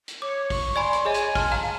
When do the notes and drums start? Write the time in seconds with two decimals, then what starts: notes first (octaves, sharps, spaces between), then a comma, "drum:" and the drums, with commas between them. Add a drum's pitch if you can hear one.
0.08 drum: hi-hat
0.22 C#5 D6
0.50 C#6, drum: kick, open hi-hat
0.76 D5 G#5 B5 C6
0.93 drum: hi-hat
1.05 G#4 C#5 D#5 G#5
1.14 drum: hi-hat
1.35 A5 C6 F6, drum: kick, open hi-hat
1.52 F5 A#5